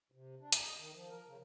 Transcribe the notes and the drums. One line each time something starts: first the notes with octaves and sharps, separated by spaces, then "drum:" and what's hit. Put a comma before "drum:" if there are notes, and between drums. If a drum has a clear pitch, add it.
C3
D4
D#2, drum: hi-hat
D#5
D#3
F3
A#4
C#3